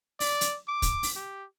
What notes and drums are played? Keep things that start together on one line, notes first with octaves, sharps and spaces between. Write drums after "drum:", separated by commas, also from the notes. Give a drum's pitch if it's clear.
D5, drum: open hi-hat
drum: hi-hat
D6
drum: kick, hi-hat
drum: open hi-hat
G4